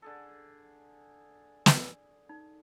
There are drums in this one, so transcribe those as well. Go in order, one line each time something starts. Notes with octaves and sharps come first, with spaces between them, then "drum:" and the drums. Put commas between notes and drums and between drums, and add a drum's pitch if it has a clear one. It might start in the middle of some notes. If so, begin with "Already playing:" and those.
D3 G#4 A4
drum: snare
D#4